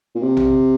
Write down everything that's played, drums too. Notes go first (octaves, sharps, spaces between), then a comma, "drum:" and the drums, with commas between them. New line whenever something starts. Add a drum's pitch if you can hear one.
A#2
C3
drum: tom A#1